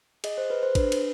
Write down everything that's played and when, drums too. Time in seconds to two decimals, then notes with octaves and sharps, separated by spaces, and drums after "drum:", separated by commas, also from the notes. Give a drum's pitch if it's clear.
0.24 G#4 D#5, drum: cymbal
0.38 C5
0.50 G#4 B4
0.63 C5
0.75 D4 B4, drum: kick A1, cymbal
0.92 drum: cymbal